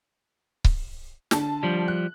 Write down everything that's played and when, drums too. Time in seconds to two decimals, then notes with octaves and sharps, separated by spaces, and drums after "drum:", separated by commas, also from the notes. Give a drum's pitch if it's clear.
0.65 drum: kick C#1
1.31 D3 A5, drum: snare
1.63 F3 G3
1.88 F#6